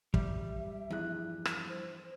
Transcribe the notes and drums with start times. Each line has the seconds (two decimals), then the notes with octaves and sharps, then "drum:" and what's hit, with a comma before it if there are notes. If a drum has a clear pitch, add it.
0.14 G3 E5, drum: kick
0.90 E2 G2 F3 E4 F#6
1.45 drum: rim click
1.69 C5